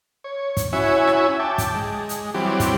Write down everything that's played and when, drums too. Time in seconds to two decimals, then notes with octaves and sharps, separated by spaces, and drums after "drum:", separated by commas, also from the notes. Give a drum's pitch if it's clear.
0.24 C#5
0.57 drum: kick, hi-hat
0.73 C#4 E4 F#4 C#5 E5 G#5
1.07 drum: rim click
1.39 G5 A5 D6
1.58 drum: kick, hi-hat
1.74 G#3
2.09 drum: hi-hat
2.34 E3 F#3 G3 C4 G4
2.60 drum: kick, hi-hat